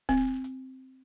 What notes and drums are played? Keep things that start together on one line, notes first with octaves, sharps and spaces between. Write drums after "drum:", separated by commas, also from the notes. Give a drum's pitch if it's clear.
C4, drum: kick
drum: hi-hat